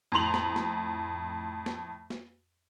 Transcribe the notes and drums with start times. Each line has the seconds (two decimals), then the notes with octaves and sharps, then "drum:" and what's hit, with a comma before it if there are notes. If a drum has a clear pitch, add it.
0.12 F2 A2 A#5 C6 F7 F#7
0.34 drum: snare
0.56 drum: snare
1.66 drum: snare
2.10 drum: snare